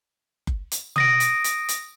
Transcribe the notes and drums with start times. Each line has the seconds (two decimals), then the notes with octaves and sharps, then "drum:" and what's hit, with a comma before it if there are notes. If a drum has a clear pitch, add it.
0.47 drum: kick F#1
0.72 drum: hi-hat
0.96 D#6 A#6 D7, drum: tom
1.20 drum: hi-hat
1.44 drum: hi-hat
1.69 drum: hi-hat